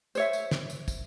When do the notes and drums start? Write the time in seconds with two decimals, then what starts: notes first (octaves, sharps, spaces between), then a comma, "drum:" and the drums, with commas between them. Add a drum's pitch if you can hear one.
0.15 C5 C#5 E5, drum: tambourine
0.33 drum: tambourine
0.51 drum: snare
0.70 drum: tambourine
0.88 drum: kick, tambourine